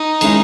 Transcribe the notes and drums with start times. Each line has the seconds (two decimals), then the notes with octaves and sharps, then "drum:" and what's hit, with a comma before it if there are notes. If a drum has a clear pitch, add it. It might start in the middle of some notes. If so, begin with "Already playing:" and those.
Already playing: D#4
0.21 D#3 G#3 C#4 E4, drum: cymbal